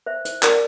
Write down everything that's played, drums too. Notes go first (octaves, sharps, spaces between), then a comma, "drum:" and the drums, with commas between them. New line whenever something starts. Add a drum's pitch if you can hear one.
C5 E5
C5, drum: hi-hat
A#4 D5, drum: clap